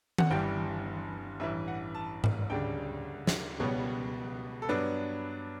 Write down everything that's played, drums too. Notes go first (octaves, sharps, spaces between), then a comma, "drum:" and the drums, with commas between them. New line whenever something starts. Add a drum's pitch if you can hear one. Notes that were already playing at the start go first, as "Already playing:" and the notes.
F#5, drum: tom D#3
G1 G2 E3 G3 G5
A1 G2 E3 E5
F#5
A5
drum: tom G#2
D2 C#3 G3 D4 G5
drum: snare
C#2 B2 G3 B3 C#5
A4
G2 F#3 B3 D4 B4